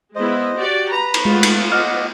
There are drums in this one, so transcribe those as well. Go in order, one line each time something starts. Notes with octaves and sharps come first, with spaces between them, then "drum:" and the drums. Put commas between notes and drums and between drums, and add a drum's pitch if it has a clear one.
G#3 B3 E4 C5 D#5
F#4 G4 D5
B4 A#5 B5
drum: cymbal
G#3 A3 B3 F4
drum: cymbal
D#5 F#5 D6 F6